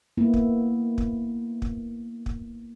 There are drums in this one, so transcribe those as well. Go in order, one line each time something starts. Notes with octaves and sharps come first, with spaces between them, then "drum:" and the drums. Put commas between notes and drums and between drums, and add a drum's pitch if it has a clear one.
A#3 B3 E4
drum: kick
drum: kick
drum: kick
drum: kick